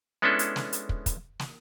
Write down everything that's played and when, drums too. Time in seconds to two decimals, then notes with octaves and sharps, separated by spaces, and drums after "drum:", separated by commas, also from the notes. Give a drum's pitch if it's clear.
0.22 G#3 B3 C#4 D4 E4 A4
0.39 drum: hi-hat
0.56 drum: snare
0.73 drum: hi-hat
0.89 drum: kick
1.06 drum: kick, hi-hat
1.39 drum: snare